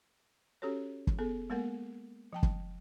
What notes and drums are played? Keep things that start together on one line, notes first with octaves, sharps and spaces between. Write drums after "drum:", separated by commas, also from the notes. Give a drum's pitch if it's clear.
C#4 F#4 G4 A4 C#5
drum: kick
B3 G#4 A4
G#3 A#3 B3 A#4 F#5
F3 G5 A5
drum: kick